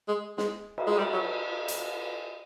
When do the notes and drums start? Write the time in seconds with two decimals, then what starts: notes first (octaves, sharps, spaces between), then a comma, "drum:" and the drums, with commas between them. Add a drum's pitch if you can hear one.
0.08 G#3
0.38 G#3, drum: snare
0.78 drum: cymbal
0.87 G#3
0.98 G3
1.13 F#3
1.68 drum: hi-hat